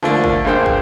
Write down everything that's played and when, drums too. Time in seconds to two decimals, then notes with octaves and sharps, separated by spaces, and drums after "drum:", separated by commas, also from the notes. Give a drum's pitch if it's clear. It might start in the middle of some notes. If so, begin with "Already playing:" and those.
0.03 D3 F3 A3 A#3 D4
0.24 drum: kick
0.44 A#1 G2 G#4 C5 G5
0.66 drum: kick